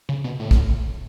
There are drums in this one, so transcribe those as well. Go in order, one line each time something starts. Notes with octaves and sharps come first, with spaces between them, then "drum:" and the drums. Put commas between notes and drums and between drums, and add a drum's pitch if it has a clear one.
C#3
B2
A2
drum: kick